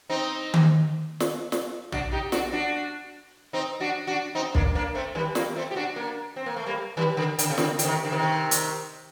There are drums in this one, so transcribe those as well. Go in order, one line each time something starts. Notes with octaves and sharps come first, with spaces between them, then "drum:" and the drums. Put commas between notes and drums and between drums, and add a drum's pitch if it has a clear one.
C4 D#4
drum: tom D#3
drum: snare
drum: snare
D4 F#4, drum: tom A#1
D#4 G4
D4 F#4, drum: snare
D4 F#4
C4 D#4
D4 F#4
D4 F#4
C4 D#4
A#3 D4, drum: kick
A#3 D4
A3 C4
D#3 G3
G3 A#3, drum: snare
A3 C4
G4
D4 F#4
A#3 D4
C4
A#3
A3
G3 A#3
D#3 G3
D3
D3, drum: hi-hat
C3
D3, drum: snare
D3, drum: hi-hat
C3 D#3
D3
C3 D#3
drum: hi-hat